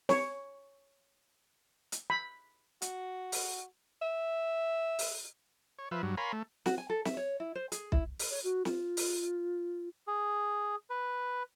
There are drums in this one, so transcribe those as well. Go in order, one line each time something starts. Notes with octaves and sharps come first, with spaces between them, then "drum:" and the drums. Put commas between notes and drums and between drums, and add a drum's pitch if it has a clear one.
C#5, drum: snare
drum: hi-hat
B5
F#4, drum: hi-hat
drum: open hi-hat
E5
drum: open hi-hat
C#5
F3 B4 E5
G2 F#3
A#4 C#5 F5 G#5 B5 C6
A3
F#4, drum: snare
G#5
A4
E5, drum: snare
C#5
E4
C5
G#4, drum: hi-hat
E4, drum: kick B1
drum: open hi-hat
C#5
F#4
F4, drum: snare
drum: open hi-hat
G#4
B4